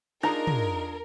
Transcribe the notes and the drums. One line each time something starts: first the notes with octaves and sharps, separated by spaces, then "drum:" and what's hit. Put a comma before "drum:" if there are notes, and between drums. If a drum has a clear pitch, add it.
D4 D#4 F4 G#4 A#4 A#5
drum: tom